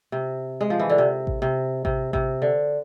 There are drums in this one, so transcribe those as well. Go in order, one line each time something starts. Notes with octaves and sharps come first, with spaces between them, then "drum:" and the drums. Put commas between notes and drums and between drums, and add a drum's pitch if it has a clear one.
C3
G#3
F3
E3
D3
C3
drum: kick A1
C3
C3, drum: kick A1
C3, drum: kick A1
D3